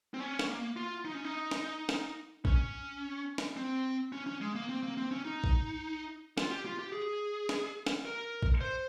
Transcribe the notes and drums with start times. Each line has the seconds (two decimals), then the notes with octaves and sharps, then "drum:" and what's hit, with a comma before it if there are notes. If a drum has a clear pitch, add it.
0.14 C4
0.20 C#4
0.39 drum: snare
0.48 A#3
0.77 F4
1.05 D#4
1.15 C#4
1.25 D#4
1.51 drum: snare
1.89 drum: snare
2.45 C#4, drum: kick
3.38 drum: snare
3.57 C4
4.12 C#4
4.27 C#4
4.41 G#3
4.55 A#3
4.69 C4
4.83 A#3
4.97 C4
5.11 C#4
5.25 D#4
5.44 drum: kick
6.38 F4, drum: snare
6.51 G4
6.66 F4
6.79 G4
6.93 G#4
7.49 drum: snare
7.86 drum: snare
8.05 A#4
8.43 drum: kick
8.61 C5